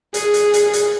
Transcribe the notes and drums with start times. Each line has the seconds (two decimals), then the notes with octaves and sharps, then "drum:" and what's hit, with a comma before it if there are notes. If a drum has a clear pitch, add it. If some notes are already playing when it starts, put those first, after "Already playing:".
0.14 G#4, drum: hi-hat
0.34 drum: hi-hat
0.54 drum: hi-hat
0.73 drum: hi-hat